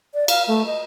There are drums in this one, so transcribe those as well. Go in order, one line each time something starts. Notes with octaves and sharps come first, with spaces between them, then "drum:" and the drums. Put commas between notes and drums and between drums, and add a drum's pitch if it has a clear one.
D5
F5, drum: cymbal
A3
D#5